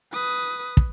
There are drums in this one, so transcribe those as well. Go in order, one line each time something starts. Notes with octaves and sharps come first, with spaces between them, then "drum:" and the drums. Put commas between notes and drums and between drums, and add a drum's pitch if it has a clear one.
B4 D#6
drum: kick